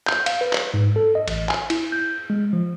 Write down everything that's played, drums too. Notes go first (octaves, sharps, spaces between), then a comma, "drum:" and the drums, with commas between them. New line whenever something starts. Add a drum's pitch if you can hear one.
G6, drum: clap
F5, drum: cymbal
B4
drum: clap
G#2
A4
D#5
A1, drum: cymbal
G#5, drum: clap
E4, drum: cymbal
G6
G#3
F3